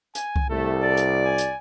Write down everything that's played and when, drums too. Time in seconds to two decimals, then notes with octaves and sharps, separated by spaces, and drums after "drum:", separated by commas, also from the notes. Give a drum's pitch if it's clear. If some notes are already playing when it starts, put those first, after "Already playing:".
0.15 G#5, drum: hi-hat
0.36 drum: kick C2
0.49 C2 A3 A4
0.81 D5
0.97 drum: hi-hat
1.25 G#5
1.38 drum: hi-hat